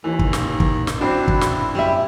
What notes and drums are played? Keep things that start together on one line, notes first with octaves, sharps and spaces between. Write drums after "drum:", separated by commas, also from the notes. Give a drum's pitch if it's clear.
D#2 E3
drum: kick
drum: snare
drum: kick
drum: snare
F#3 C4 D4 E4
drum: kick
drum: snare
F#2 G3 E5